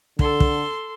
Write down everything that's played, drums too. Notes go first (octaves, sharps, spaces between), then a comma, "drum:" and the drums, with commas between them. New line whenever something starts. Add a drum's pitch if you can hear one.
D3 A4 C6, drum: kick
drum: kick